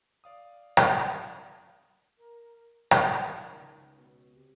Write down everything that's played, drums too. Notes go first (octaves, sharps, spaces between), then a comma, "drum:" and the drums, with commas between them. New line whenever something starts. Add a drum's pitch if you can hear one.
D5 F5 D#6
drum: rim click
A#4
drum: rim click
D#3
C#2
B2
C3